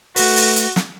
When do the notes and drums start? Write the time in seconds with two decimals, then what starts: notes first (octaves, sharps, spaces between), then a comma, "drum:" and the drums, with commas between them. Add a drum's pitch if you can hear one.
0.16 A3 F#4 A4 B4, drum: open hi-hat
0.36 drum: open hi-hat
0.56 drum: hi-hat
0.76 drum: snare